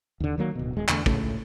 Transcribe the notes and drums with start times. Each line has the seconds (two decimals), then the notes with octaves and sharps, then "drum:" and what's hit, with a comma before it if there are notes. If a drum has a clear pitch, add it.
0.20 D#2 D3
0.38 D#3 F#3 A#3
0.55 D1 B2
0.77 D#1 G#3
0.88 E2 D3 F#3 A3, drum: clap
1.06 C#2 A2 C#3 A3, drum: kick